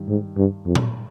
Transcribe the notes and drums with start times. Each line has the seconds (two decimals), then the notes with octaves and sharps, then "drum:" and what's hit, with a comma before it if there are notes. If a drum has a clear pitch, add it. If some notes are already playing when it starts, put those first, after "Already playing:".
Already playing: G2 D#3 G3
0.09 G#2
0.37 G2
0.66 F2
0.75 drum: tom A#2